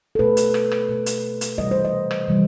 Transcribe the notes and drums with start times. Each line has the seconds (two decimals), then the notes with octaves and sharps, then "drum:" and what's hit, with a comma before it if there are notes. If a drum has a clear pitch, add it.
0.15 A4
0.19 B2 A3 B4
0.37 drum: hi-hat
0.54 drum: rim click
0.71 drum: rim click
0.89 B2 A3
1.06 drum: hi-hat
1.41 drum: hi-hat
1.58 C3 E3 G3 D#5
1.71 C5
1.85 D#5
2.11 drum: rim click
2.28 C3 E3 G3